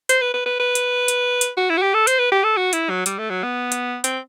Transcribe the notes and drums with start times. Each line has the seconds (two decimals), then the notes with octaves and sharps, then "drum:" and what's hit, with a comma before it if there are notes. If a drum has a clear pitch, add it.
0.09 C5, drum: hi-hat
0.21 B4
0.34 B4
0.46 B4
0.59 B4
0.75 drum: hi-hat
1.08 drum: hi-hat
1.41 drum: hi-hat
1.57 F#4
1.70 E4
1.77 F#4
1.82 G4
1.94 A4
2.07 C5, drum: hi-hat
2.19 B4
2.32 G4
2.44 A4
2.57 F#4
2.73 E4, drum: hi-hat
2.89 F#3
3.06 G3, drum: hi-hat
3.18 A3
3.30 F#3
3.43 B3
3.72 drum: hi-hat
4.04 C4, drum: hi-hat